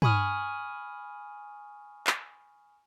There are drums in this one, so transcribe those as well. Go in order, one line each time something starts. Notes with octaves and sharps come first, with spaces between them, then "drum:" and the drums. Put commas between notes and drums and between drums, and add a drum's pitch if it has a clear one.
G#5 B5 C#6 D#6 F6, drum: tom
drum: clap